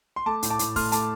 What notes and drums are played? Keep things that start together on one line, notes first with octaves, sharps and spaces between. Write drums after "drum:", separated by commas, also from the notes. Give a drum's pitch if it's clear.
C6
A3 A5 D6
A2, drum: hi-hat
A5 D6
A2, drum: hi-hat
A3 C6 F6, drum: kick, open hi-hat
A3 A5 D6, drum: hi-hat